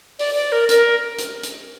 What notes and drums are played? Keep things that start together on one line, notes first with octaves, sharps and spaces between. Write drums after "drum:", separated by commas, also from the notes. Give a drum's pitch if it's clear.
D5, drum: open hi-hat
D5
A#4
A#4, drum: hi-hat
drum: hi-hat
drum: hi-hat